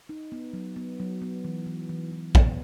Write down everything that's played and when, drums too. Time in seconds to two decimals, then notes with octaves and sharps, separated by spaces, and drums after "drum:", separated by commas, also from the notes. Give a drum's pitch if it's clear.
0.09 D#4
0.32 B3
0.53 F#3
0.76 B3
1.00 F#3
1.22 B3
1.44 E3
1.66 E3
1.89 E3
2.11 E3
2.35 B3, drum: kick